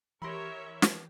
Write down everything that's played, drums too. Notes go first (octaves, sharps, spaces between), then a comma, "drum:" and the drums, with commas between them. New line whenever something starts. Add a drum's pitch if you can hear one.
E3 G4 A#4 C#5 E5 B5 C6 A#6
drum: snare